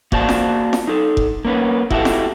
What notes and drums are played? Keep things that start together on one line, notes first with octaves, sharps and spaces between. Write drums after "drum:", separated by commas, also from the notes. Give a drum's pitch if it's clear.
A#3 F#4 C5 D5 A5, drum: kick F1
drum: snare F4
drum: snare F4
D#4 A4
drum: kick F1
A#3 C#4 B4
E4 F#4 G4 A4 E5, drum: kick F1
drum: snare F4